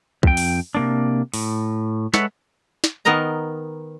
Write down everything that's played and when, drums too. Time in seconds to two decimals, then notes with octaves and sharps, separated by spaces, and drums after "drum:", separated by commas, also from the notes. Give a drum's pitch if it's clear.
0.23 F2 G5, drum: kick
0.37 drum: open hi-hat
0.75 C3 A#3 D4
1.34 A2, drum: open hi-hat
2.14 G#3 A4 B4 C#5 E5 F#5, drum: snare
2.84 drum: snare
3.05 D#3 B3 A#4 D#5 A#5